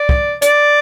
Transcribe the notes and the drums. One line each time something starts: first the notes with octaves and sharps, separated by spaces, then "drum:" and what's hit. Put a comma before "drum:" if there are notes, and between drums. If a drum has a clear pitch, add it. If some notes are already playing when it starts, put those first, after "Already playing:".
Already playing: D5
drum: kick
D5, drum: hi-hat